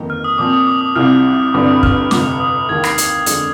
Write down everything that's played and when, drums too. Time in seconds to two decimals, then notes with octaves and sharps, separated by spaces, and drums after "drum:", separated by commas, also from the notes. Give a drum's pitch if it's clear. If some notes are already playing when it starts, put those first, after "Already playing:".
Already playing: G1 F2 D#3 A#3 D#4
0.10 F6
0.24 D#6
0.38 A#2 F3 C4 D6
0.53 D#6
0.67 D6
0.81 D#6
0.96 C2 C3 G3 C4 F4 F6
1.54 G1 G2 D3 G3 C4 D6
1.63 D#6
1.83 F6, drum: kick
2.11 G1 F2 C3 D6, drum: snare
2.26 D#6
2.40 D#6
2.68 D#2 D#3 G#3 G#6
2.84 C7, drum: rim click
2.98 drum: hi-hat
3.26 F2 D3 G#3, drum: hi-hat